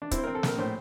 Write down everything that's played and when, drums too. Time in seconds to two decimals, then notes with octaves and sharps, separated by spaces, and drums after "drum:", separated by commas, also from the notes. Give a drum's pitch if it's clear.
0.02 D4
0.11 C4 E4, drum: kick, hi-hat
0.18 C5
0.24 C4 A#4
0.35 A4
0.43 A#1 A#4, drum: snare
0.58 A2 C5